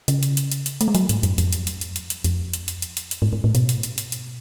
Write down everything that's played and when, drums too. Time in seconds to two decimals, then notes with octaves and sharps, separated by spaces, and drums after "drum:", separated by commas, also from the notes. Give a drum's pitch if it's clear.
0.08 C#3, drum: hi-hat
0.23 drum: hi-hat
0.37 drum: hi-hat
0.52 drum: hi-hat
0.66 drum: hi-hat
0.81 A3, drum: hi-hat
0.88 G#3
0.95 F#3, drum: hi-hat
1.09 G#2, drum: hi-hat
1.23 F#2, drum: hi-hat
1.38 F2, drum: hi-hat
1.53 drum: hi-hat
1.67 drum: hi-hat
1.81 drum: hi-hat
1.96 drum: hi-hat
2.10 drum: hi-hat
2.24 F2, drum: hi-hat
2.54 drum: hi-hat
2.68 drum: hi-hat
2.82 drum: hi-hat
2.97 drum: hi-hat
3.11 drum: hi-hat
3.22 G#2
3.33 G#2
3.44 A2
3.55 B2, drum: hi-hat
3.69 drum: hi-hat
3.83 drum: hi-hat
3.98 drum: hi-hat
4.12 drum: hi-hat